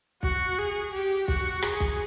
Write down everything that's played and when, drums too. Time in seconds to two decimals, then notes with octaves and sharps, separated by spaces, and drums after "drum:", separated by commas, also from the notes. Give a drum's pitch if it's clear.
0.23 F#4, drum: kick
0.59 G#4
0.93 G4
1.28 F#4, drum: kick
1.62 G#4, drum: rim click
1.80 drum: kick